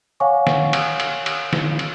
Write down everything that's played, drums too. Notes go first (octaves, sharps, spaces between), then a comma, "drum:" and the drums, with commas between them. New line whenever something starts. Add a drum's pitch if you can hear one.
C#5 F5 F#5 G#5 C#6 D6
drum: snare
drum: cymbal
drum: cymbal
drum: cymbal
drum: snare
drum: cymbal